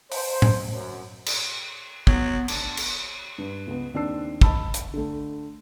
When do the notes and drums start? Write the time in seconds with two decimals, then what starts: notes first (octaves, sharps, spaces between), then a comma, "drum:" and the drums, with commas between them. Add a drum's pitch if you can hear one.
0.12 C5, drum: open hi-hat
0.42 drum: tom A2
0.73 F#2
1.26 drum: cymbal
2.07 F#3 B3, drum: kick
2.48 F1 D4, drum: cymbal
2.77 drum: cymbal
3.38 G2
3.67 C#2 B3
3.94 D#2 C4 D4 A5 E6 C7
4.41 D#5 A5 B5 E6, drum: kick
4.74 drum: hi-hat
4.94 D3 A3